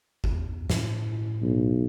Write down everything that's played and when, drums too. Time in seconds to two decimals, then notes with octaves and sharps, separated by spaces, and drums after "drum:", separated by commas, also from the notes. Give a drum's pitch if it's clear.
0.24 E2, drum: kick G1
0.70 A2, drum: snare
1.42 B1